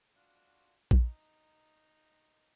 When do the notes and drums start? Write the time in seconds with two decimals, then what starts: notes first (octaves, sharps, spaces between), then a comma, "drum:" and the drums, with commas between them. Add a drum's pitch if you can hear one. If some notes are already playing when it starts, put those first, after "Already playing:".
0.15 D4 F4 F#4
0.91 D#4, drum: kick A#1